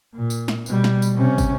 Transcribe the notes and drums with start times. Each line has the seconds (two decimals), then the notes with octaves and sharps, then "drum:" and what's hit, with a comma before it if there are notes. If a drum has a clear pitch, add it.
0.15 A#2
0.30 drum: tambourine
0.48 drum: snare
0.66 B2 G3, drum: tambourine
0.84 drum: snare
1.02 drum: tambourine
1.16 C3 C#4
1.38 drum: kick, tambourine